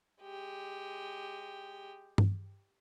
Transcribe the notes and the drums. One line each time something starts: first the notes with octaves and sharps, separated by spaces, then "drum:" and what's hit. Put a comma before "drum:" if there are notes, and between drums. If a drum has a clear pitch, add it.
G#3 G4
drum: tom G2